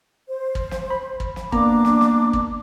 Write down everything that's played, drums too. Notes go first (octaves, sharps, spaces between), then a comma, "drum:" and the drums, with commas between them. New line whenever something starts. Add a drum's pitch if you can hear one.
C5
drum: kick
drum: snare
B5
drum: kick
drum: snare
A#3 B3 D4 A#5 D6, drum: kick
drum: snare
drum: snare
drum: kick